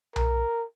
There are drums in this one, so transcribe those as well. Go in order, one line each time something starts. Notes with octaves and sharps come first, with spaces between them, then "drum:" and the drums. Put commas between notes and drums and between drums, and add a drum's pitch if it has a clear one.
A#4, drum: tom B1